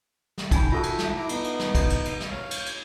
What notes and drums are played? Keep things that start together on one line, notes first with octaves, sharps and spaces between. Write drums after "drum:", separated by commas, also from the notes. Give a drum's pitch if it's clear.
drum: snare
D#4 G5 G#5 B5, drum: kick, cymbal
F4 F#4 A4 E5 A5 G6
drum: cymbal
drum: snare
E4 A#5 D6
B3 D#4, drum: cymbal
drum: cymbal
drum: snare
drum: kick, cymbal
drum: cymbal
drum: cymbal
drum: snare
C#5 F5
drum: cymbal
drum: cymbal